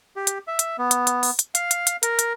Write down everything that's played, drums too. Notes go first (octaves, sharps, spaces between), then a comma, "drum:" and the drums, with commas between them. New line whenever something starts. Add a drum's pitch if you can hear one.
G4
drum: hi-hat
E5
drum: hi-hat
B3
drum: hi-hat
drum: hi-hat
drum: open hi-hat
drum: hi-hat
F5, drum: hi-hat
drum: hi-hat
drum: hi-hat
A#4, drum: hi-hat
drum: hi-hat